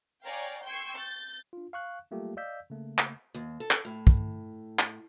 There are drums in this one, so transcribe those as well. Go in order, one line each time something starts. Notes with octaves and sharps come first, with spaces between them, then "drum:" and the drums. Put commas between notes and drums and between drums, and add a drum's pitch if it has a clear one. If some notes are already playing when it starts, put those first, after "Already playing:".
C#5 D5 F5 G5 G#5 A#5
G5 C6 C#6 E6 G#6 C7
G6 A6
D4 F4
F5 C#6 F#6
F#3 G3 A3 A#3 F4 G4
D5 D#5 F5 E6 G6 B6
C#3 A3 A#3
drum: clap
D#2
A4
drum: clap
A2
drum: kick
drum: clap